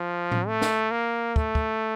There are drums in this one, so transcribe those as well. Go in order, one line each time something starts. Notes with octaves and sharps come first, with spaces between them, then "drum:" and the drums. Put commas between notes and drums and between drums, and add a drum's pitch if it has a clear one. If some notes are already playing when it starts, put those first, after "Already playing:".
Already playing: F3
drum: tom A2
A3
drum: snare
A#3
A3, drum: kick
drum: kick